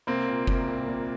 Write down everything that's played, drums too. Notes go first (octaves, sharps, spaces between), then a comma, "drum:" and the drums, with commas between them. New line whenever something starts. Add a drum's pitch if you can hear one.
C2 A#3 C4
A#2
C2, drum: kick F#1
C2
A#2